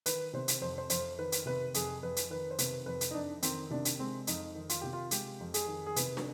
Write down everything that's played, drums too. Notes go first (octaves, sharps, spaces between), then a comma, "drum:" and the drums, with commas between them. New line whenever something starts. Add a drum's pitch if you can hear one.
D#3 B4, drum: hi-hat
C3 C5
drum: hi-hat
F2 C5
C5
F2 C5, drum: hi-hat
D#3 B4
drum: hi-hat
C3 B4
F2 G#4, drum: hi-hat
F2 B4
drum: hi-hat
D#3 B4
C5
C3 B4, drum: hi-hat
F2 B4
drum: hi-hat
D#4
F2 D4
D#3 C4, drum: hi-hat
C3 D4
drum: hi-hat
G#3 C4
F2 D#4, drum: hi-hat
D#3
F4, drum: hi-hat
C3 G4
F4
G#3 G4, drum: hi-hat
F2
G#4, drum: hi-hat
D#3
G#4
C3 B4, drum: hi-hat
drum: snare